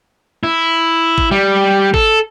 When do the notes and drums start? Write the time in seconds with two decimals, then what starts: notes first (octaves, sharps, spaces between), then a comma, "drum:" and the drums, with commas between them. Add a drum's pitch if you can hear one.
0.43 E4
1.18 drum: kick
1.31 G3
1.94 A4, drum: kick